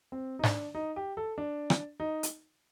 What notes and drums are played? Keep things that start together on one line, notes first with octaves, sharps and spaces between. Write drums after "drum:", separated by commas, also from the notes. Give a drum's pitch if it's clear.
C4
D#4
D4, drum: snare G#2
D#4
G4
A4
D4
drum: rim click
D#4
drum: hi-hat